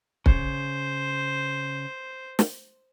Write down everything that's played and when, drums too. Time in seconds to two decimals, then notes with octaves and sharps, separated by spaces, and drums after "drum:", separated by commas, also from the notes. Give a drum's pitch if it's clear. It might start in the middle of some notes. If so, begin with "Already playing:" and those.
0.26 C#3 C5, drum: kick
2.39 drum: snare